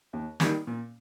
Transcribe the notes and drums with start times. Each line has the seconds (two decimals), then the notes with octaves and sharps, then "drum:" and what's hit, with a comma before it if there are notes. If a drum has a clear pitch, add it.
0.13 D#2
0.40 D#3 G3 A#3, drum: snare
0.67 A#2